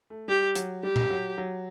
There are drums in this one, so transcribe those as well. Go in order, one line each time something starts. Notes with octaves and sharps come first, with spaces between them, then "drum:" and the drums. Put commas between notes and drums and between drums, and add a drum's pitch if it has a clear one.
A3
G3 G4
F#3, drum: hi-hat
G3 G4
drum: tom A#2
F#3
F#3